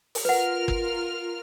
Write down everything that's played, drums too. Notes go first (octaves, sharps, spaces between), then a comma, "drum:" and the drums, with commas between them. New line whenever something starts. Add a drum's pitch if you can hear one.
drum: open hi-hat
F4 A#4 B4 F#5 F6
drum: kick